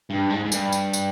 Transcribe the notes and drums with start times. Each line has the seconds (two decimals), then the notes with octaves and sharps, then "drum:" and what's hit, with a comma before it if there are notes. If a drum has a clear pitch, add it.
0.10 G2
0.30 G#2
0.45 G#2
0.52 G2, drum: tambourine
0.72 drum: tambourine
0.93 drum: tambourine